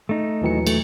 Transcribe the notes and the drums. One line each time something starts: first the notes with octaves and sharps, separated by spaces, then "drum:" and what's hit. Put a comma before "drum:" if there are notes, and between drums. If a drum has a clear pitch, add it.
A3 D#4
D#2 A#2 E3 F#3 C#7
A3, drum: cymbal